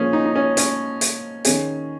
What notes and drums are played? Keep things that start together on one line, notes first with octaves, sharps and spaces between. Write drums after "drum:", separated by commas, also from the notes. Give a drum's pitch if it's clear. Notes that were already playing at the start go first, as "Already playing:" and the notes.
Already playing: A#2 F3 A#3 C#4 F4 G#4
D#4
D#4
C#4
C#4, drum: hi-hat
drum: hi-hat
D#3 C#4 G#4, drum: hi-hat